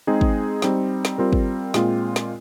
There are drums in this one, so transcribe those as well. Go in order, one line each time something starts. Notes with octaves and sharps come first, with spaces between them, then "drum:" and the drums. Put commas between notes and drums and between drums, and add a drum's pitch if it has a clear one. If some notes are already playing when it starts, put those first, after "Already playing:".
G#3 C4 D#4 G#4
drum: kick
G3 C4 D#4, drum: snare
drum: snare
G3 C4 F4 A#4
drum: kick
A#2 G#3 C4 F4, drum: snare
drum: snare